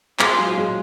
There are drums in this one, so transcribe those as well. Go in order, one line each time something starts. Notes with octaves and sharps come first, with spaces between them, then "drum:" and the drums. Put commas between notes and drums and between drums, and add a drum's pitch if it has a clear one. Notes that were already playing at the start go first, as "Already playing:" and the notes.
G#3 F4 G#4 C5, drum: clap
F#3
G#3